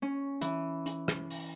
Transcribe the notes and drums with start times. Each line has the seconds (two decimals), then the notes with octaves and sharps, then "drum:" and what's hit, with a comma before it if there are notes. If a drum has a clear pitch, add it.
0.02 C#4
0.41 E3, drum: hi-hat
0.86 drum: hi-hat
1.08 drum: rim click
1.30 drum: open hi-hat